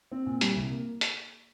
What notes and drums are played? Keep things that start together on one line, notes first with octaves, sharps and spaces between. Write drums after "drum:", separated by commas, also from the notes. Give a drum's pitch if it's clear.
C4
A#2
G3, drum: hi-hat
C2
A#3
drum: hi-hat